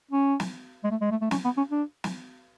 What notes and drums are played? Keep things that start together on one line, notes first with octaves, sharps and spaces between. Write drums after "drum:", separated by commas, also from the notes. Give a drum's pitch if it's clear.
C#4
drum: snare
G#3
A3
G#3
A3
A3
C#4, drum: snare
B3
C#4
D4
drum: snare